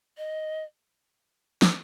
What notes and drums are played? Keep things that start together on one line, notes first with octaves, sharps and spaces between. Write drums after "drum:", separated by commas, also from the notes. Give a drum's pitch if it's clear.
D#5
drum: snare